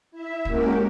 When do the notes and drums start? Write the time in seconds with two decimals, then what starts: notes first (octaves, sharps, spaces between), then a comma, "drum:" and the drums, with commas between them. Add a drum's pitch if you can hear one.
0.11 E4 E5
0.45 G#3 A#3 C#4 F#4 G4 A#4, drum: kick